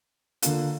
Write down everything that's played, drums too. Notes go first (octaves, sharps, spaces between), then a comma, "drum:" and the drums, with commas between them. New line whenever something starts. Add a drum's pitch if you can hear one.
D3 A#3 F4, drum: hi-hat